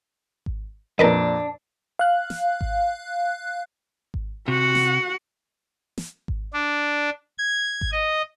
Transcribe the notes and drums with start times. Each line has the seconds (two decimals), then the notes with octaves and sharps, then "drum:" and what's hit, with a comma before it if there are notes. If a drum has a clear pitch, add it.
0.46 drum: kick G#1
0.99 F2 A#2 D4 A#4 B4 D#5
1.99 F5 F#6
2.30 drum: snare
2.61 drum: kick G#1
4.14 drum: kick G#1
4.48 C3 F#4 F#5
4.75 drum: snare
5.98 drum: snare
6.28 drum: kick G#1
6.53 D4
7.38 G#6
7.81 drum: kick G#1
7.92 D#5